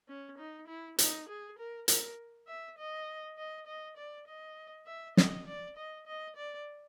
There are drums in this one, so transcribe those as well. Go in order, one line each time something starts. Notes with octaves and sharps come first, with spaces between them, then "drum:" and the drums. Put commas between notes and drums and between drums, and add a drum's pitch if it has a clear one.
C#4
D#4
E4
D#4, drum: hi-hat
G#4
A#4
A#4, drum: hi-hat
E5
D#5
D#5
D#5
D5
D#5
E5
D#5, drum: snare
D5
D#5
D#5
D5